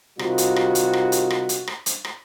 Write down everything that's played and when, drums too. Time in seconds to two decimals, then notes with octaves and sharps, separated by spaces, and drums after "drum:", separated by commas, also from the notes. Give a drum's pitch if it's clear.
0.19 C3 D#3 G3 F4 F#4, drum: rim click
0.38 drum: hi-hat
0.56 drum: rim click
0.75 drum: hi-hat
0.93 drum: rim click
1.12 drum: hi-hat
1.30 drum: rim click
1.49 drum: hi-hat
1.67 drum: rim click
1.86 drum: hi-hat
2.05 drum: rim click